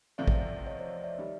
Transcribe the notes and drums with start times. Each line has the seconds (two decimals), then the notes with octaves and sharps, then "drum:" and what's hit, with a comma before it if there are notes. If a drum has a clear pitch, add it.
0.18 E2 C3 F3 A3 C4 D5 E5
0.28 drum: kick
0.66 C#5 D#5
0.79 C5 D5
0.91 C#5 D#5
1.04 D5 E5
1.18 D#3 G3